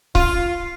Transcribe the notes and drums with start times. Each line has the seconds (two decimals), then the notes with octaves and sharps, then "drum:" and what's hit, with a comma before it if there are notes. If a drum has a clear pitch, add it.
0.15 F4, drum: kick C#1